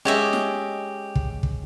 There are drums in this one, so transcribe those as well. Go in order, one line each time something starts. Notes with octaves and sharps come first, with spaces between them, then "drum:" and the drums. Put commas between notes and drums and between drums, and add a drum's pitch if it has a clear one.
G#3 C#4 G4 D#5 E5 G#5
drum: snare
drum: kick
drum: kick